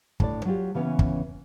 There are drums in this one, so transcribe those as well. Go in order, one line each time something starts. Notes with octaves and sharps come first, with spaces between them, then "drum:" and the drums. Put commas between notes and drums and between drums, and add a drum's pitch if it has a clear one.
A2 D4 D5, drum: kick
F#3 F4 G4
C#3 E3 B3 C#4
drum: kick